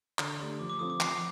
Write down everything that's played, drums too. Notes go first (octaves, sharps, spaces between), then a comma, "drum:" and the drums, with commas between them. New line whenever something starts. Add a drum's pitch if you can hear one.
D3 A#5, drum: clap
A#5
A3 D4 G4 C6
F3 D6
D6
C4 F4 A4 D#6
D6
F3 C7, drum: clap